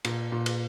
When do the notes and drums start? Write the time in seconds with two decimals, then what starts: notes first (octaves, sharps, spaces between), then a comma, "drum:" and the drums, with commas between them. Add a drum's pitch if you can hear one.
0.05 A#2, drum: cymbal
0.32 A#2
0.46 drum: cymbal